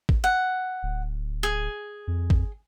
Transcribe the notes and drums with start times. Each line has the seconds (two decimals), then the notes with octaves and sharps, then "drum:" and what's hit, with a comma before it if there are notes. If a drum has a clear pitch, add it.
0.09 drum: kick
0.24 F#5
0.83 D1
1.43 G#4
2.07 F2
2.30 drum: kick